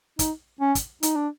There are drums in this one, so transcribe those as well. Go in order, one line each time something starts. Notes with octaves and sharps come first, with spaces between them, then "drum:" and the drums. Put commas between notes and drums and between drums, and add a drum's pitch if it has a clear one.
D#4, drum: kick, hi-hat
C#4
drum: kick, hi-hat
D#4, drum: hi-hat
D4